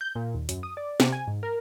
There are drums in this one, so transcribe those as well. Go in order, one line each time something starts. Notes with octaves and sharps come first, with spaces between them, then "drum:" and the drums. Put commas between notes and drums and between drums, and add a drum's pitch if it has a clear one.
G6
A#2
D#2
F#2, drum: hi-hat
D#6
D5
C3, drum: snare
G#5
G#2
A#4